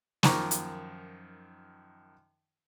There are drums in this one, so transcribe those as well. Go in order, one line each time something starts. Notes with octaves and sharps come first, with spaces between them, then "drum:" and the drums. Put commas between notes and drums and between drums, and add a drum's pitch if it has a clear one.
F#2 D#3 F3 A#5 C#6 D6, drum: snare
drum: hi-hat